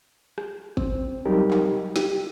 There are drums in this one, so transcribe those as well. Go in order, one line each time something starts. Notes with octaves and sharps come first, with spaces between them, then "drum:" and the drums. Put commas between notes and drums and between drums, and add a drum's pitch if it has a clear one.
drum: rim click
C4, drum: kick G#1
F#3 G3 D#4 G4 A#4
drum: clap
G4, drum: snare